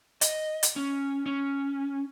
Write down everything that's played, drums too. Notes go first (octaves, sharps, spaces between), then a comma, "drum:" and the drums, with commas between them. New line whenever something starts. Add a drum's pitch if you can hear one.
D#5, drum: hi-hat
drum: hi-hat
C#4
C#4